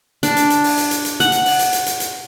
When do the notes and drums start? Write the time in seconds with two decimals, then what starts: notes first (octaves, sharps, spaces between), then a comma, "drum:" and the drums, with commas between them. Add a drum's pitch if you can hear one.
0.23 D4, drum: hi-hat
0.37 drum: hi-hat
0.50 drum: hi-hat
0.64 drum: open hi-hat
0.77 drum: hi-hat
0.91 drum: hi-hat
1.05 drum: hi-hat
1.20 F#5, drum: hi-hat
1.32 drum: hi-hat
1.46 drum: open hi-hat
1.59 drum: hi-hat
1.73 drum: hi-hat
1.86 drum: hi-hat
2.00 drum: hi-hat